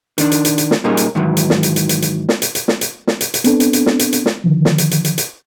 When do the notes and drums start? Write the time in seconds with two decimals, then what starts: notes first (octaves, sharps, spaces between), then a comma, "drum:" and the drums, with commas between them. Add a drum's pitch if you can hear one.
0.18 D#3 D4, drum: hi-hat
0.32 drum: hi-hat
0.45 drum: hi-hat
0.58 drum: hi-hat
0.71 drum: snare
0.84 A#2 G3 A#3 C#4 D#4 G#4
0.97 drum: hi-hat
1.15 G#2 D#3 E3 F#3
1.37 drum: hi-hat
1.50 drum: snare
1.63 drum: hi-hat
1.76 drum: hi-hat
1.89 drum: hi-hat
2.02 drum: hi-hat
2.29 drum: snare
2.42 drum: hi-hat
2.55 drum: hi-hat
2.68 drum: snare
2.81 drum: hi-hat
3.07 drum: snare
3.21 drum: hi-hat
3.34 drum: hi-hat
3.44 B3 C4 D4 A4, drum: hi-hat
3.60 drum: hi-hat
3.73 drum: hi-hat
3.86 drum: snare
3.99 drum: hi-hat
4.13 drum: hi-hat
4.26 drum: snare
4.44 D3 D#3 F3
4.65 drum: snare
4.78 drum: hi-hat
4.91 drum: hi-hat
5.05 drum: hi-hat
5.18 drum: hi-hat